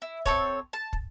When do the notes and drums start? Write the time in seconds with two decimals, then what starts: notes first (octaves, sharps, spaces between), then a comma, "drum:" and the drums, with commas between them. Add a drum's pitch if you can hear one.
0.02 E4
0.26 C4 D#4 A4 C#5, drum: kick
0.73 A5
0.93 drum: kick